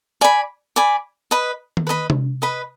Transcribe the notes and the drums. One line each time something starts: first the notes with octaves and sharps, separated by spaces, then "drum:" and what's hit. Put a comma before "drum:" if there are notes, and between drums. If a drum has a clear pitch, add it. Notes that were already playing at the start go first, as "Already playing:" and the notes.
D5 G#5 B5
D5 G#5 B5
B4 D#5 B5
drum: tom D#3
B4 D#5 B5
drum: tom C3
B4 D#5 B5